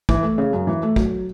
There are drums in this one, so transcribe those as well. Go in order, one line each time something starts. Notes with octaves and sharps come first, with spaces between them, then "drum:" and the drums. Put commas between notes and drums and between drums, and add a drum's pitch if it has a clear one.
E3, drum: kick
A3
C#3
F#2
E3
A3
F#3, drum: kick